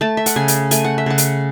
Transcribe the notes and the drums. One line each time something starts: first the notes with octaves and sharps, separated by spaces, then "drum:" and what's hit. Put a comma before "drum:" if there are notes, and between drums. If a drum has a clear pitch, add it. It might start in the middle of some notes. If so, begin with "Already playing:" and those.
A3 A5
E5
F#5, drum: hi-hat
C#3 G#5
drum: hi-hat
A3 G#5, drum: hi-hat
F#5
E5
C#3 F#5
drum: hi-hat